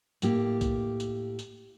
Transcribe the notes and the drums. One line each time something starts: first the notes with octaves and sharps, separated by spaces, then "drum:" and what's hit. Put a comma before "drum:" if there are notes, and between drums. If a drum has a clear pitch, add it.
A2 A#3 G4, drum: tambourine
drum: kick B1, tambourine
drum: tambourine
drum: tambourine